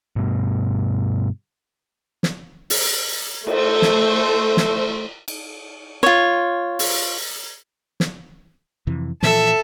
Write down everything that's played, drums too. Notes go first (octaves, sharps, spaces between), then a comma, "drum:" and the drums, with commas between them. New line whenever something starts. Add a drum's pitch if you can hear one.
G2 B2
drum: snare
drum: open hi-hat
A3 C5, drum: cymbal
drum: snare
drum: snare
drum: cymbal
F4 C#5
drum: open hi-hat
drum: snare
F2 C3 E3
A#2 E3 F3 A4 E5, drum: snare